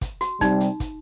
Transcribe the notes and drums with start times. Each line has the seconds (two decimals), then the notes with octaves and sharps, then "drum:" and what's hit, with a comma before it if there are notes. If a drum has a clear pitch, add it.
0.01 drum: kick, hi-hat
0.21 F#4, drum: hi-hat
0.41 C3 G3 D#4, drum: kick, hi-hat
0.60 drum: hi-hat
0.80 drum: kick, hi-hat